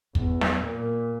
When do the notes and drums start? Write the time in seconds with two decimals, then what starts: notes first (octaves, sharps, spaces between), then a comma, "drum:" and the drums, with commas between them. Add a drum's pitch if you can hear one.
0.15 E2, drum: kick
0.41 drum: snare
0.60 A#2